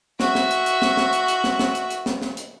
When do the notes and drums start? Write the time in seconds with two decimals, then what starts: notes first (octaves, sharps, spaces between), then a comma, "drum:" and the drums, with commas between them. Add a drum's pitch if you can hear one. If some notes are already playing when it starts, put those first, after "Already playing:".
0.20 F#4 E5, drum: snare
0.35 drum: snare
0.51 drum: hi-hat
0.66 drum: hi-hat
0.82 drum: snare
0.97 drum: snare
1.13 drum: hi-hat
1.28 drum: hi-hat
1.44 drum: snare
1.59 drum: snare
1.75 drum: hi-hat
1.90 drum: hi-hat
2.06 drum: snare
2.22 drum: snare
2.37 drum: hi-hat